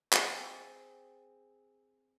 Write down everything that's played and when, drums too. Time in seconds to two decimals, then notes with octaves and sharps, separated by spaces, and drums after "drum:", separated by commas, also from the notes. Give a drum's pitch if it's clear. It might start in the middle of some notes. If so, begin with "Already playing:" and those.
0.13 C4 G#4 G5, drum: clap